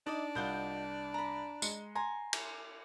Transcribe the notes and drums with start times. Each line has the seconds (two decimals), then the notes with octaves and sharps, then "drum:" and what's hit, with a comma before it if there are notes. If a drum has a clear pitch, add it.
0.07 D4 D#4 D5 D#5
0.35 C2 F4 D#5 F#5 G6 G7
1.14 A#5 B5
1.62 G#3 C#7 G7, drum: tambourine
1.95 G#5 A#5 C6
2.33 drum: cymbal